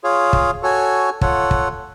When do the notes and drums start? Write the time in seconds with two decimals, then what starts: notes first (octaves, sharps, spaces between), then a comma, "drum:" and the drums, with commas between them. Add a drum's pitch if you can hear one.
0.04 F4 G#4 C#5 F5
0.33 drum: kick
0.62 F#4 A4 C#5 G#5
1.21 F4 A4 C#5 F#5, drum: kick
1.51 drum: kick